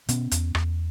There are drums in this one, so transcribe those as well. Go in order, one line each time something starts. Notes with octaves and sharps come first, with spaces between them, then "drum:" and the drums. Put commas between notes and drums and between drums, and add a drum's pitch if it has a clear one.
B2 B3 C#4, drum: hi-hat
E2, drum: hi-hat
E2, drum: rim click